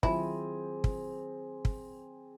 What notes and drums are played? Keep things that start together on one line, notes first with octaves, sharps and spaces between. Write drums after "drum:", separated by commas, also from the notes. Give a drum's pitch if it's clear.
D#3 F#3 C4 E4 F4 G#4, drum: kick
drum: kick
drum: kick